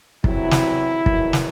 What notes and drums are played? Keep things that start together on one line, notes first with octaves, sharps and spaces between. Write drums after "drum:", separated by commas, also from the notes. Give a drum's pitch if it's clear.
E2 C3 F#3 E4, drum: kick
drum: snare
E2 D#3 F#3, drum: kick
drum: snare